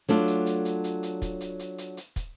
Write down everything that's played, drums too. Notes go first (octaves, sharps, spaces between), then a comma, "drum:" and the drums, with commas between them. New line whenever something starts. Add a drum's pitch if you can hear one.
F#3 A3 D4 F4, drum: hi-hat
drum: hi-hat
drum: hi-hat
drum: hi-hat
drum: hi-hat
drum: hi-hat
drum: kick, hi-hat
drum: hi-hat
drum: hi-hat
drum: hi-hat
drum: hi-hat
drum: kick, hi-hat